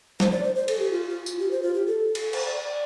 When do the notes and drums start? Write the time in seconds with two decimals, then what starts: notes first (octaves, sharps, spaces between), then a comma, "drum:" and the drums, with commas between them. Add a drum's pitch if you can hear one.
0.20 C5, drum: snare
0.32 D5
0.44 C5
0.56 C5
0.68 A4, drum: cymbal
0.79 G4
0.91 F4
1.10 F4
1.26 F4, drum: tambourine
1.39 G4
1.51 C5
1.62 F4
1.74 G4
1.87 A4
2.15 drum: cymbal
2.33 C5, drum: cymbal
2.46 D5
2.57 D5